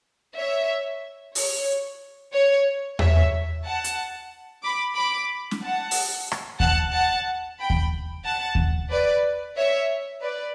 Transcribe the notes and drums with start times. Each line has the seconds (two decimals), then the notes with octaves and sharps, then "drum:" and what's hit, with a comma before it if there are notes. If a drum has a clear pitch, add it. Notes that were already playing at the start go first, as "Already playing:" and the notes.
0.36 C#5 E5
1.35 C#5, drum: open hi-hat
2.33 C#5
2.99 C#5 E5, drum: tom E2
3.65 F#5 A5
3.84 drum: hi-hat
4.63 B5 D6
4.96 B5 D6
5.51 drum: snare
5.62 F#5 A5
5.91 drum: open hi-hat
6.32 drum: rim click
6.60 F#5 A5, drum: kick D#2
6.93 F#5 A5
7.59 G5 B5
7.70 drum: kick D#2
8.24 F#5 A5
8.55 drum: kick D#2
8.90 B4 D5
9.57 C#5 E5
10.21 B4 D5